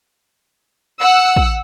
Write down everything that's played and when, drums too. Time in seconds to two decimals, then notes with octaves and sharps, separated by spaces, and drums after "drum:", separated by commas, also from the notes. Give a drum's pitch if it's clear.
1.00 F#5 E6
1.36 drum: kick